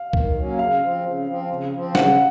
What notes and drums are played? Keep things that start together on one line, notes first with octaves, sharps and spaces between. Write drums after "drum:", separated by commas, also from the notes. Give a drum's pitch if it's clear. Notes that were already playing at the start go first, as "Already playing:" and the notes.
Already playing: F5
D#3, drum: kick C#2
F#3 A#3 C#4
C#3 F5
F3 C4
C#3
F3 C4
C#3
F3 C4
C#3 F#5, drum: snare